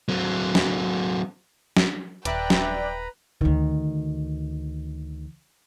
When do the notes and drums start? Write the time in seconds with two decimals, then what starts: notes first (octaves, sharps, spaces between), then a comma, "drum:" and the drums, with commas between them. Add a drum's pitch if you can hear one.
0.09 F#3 C4
0.55 drum: snare
1.77 drum: snare
2.25 D#1 B4 D5 E5 G5 A#5 B5 F#6, drum: hi-hat
2.50 drum: snare
3.41 D2 D#3